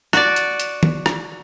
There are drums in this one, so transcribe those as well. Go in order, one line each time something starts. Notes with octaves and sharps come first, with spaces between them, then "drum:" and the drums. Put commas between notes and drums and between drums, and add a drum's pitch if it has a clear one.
F#4 D5, drum: rim click
drum: hi-hat
drum: hi-hat
drum: tom
drum: rim click